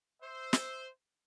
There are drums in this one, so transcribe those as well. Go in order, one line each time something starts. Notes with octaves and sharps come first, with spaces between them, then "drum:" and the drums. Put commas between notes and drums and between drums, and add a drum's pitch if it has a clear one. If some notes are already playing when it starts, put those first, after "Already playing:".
C5 E5
drum: snare